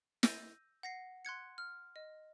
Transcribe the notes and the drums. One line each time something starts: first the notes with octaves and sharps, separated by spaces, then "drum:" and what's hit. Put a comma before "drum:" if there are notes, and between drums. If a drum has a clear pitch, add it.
E6 G6 A#6 D#7, drum: snare
F#5 A#6 C7
C6 F#6 G#6 C#7
F6
D#5